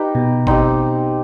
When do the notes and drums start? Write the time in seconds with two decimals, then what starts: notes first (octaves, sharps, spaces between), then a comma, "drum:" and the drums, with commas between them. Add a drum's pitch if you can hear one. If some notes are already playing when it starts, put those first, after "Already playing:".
Already playing: D#4 G4 B4
0.15 B2
0.47 C4 D#4 G4, drum: kick G1